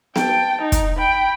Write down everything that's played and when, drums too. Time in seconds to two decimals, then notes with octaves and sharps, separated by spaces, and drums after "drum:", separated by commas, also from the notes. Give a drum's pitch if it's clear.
0.16 G5 A5, drum: snare B3
0.62 D#4
0.72 drum: kick, hi-hat
0.97 G5 B5